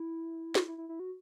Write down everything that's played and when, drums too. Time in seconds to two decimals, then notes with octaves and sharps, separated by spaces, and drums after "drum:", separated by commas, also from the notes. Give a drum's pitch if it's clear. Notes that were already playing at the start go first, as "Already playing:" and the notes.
Already playing: E4
0.55 drum: snare
0.68 E4
0.78 E4
0.89 E4
0.99 F#4